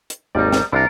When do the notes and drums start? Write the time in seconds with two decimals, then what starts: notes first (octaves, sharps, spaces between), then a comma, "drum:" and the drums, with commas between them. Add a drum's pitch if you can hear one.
0.10 drum: hi-hat
0.35 G#1 D#2 G3 D#4 D5
0.52 drum: snare
0.72 C2 D4 E4 F4 A#4